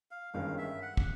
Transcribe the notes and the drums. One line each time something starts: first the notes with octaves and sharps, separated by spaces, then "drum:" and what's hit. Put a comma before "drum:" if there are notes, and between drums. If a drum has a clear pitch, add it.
F5
G1 G2 D#3 G#3 C#4 F5
E5
F#5
drum: kick